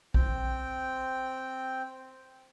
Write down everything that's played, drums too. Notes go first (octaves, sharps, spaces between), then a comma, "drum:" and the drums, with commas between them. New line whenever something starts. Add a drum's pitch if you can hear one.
C4 G5, drum: kick A#1